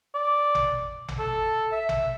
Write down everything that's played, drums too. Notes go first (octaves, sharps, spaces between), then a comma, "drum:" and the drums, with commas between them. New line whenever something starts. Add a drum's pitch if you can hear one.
D5
drum: tom A1
drum: tom A1
A4
E5
drum: tom A1